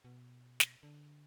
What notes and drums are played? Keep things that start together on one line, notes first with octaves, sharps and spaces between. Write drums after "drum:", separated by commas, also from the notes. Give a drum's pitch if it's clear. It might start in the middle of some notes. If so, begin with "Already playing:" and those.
B2
drum: snare
D3